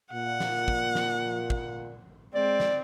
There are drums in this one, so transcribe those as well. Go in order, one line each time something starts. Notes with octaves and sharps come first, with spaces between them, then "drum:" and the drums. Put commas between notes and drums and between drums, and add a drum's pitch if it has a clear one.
A#2 F#5
drum: snare
drum: kick
drum: snare
drum: kick
G#3 C4 D5
drum: snare